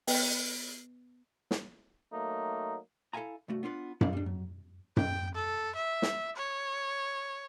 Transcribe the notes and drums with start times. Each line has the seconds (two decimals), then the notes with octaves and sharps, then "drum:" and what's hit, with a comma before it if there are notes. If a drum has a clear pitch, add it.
0.07 B3 B4 D#5 G5, drum: open hi-hat
1.51 drum: snare
2.12 F#3 A3 A#3 D#4
3.13 E4 A4 E5 F5 G#5 A#5
3.48 C2 G2 A3 F#4
3.63 B3 D4 F4 A4 B4
4.01 F#3 E4 A4 D5 F5, drum: tom F#2
4.13 G3 D4
4.26 F#3
4.97 G5, drum: tom F#2
5.35 A4
5.75 E5
6.02 drum: snare
6.37 C#5